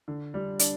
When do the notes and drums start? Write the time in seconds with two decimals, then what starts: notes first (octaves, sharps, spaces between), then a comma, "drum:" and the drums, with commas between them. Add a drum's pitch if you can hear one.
0.08 D3
0.34 G3
0.59 D4, drum: hi-hat